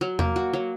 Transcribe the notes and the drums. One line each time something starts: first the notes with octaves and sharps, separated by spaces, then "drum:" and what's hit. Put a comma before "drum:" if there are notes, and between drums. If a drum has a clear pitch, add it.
F#3
A#3, drum: tom E2
F#4
F#3